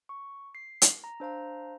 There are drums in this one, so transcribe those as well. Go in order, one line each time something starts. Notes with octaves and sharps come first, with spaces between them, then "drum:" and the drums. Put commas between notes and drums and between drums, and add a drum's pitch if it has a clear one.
C#6
C7
drum: hi-hat
A#5
D4 C5 F5 A#5